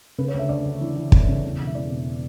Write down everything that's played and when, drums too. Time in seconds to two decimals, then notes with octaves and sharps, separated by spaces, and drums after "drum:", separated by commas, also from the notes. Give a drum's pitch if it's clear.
0.18 C#3 B4
0.28 C#5
0.34 D2 E5
0.49 D2 D5
0.65 D2
0.81 E3
0.96 E3
1.12 C#3, drum: kick
1.28 C#3
1.44 E2
1.60 E1
1.67 E5
1.75 E2 D5
1.90 B2